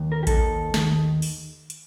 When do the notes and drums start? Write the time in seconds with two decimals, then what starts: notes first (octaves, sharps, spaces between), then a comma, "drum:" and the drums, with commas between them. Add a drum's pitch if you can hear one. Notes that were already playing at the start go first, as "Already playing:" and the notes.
Already playing: D#2
0.12 A#4
0.23 G4
0.27 D#2 D#3 A4, drum: kick A1, hi-hat
0.74 D#2 D#3, drum: snare
1.22 drum: open hi-hat
1.70 drum: hi-hat